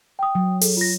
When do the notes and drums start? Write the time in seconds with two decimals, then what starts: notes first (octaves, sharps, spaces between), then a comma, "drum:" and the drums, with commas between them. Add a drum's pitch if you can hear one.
0.19 G5 D#6
0.35 F#3
0.61 G#4 A4, drum: open hi-hat
0.77 F4 A#6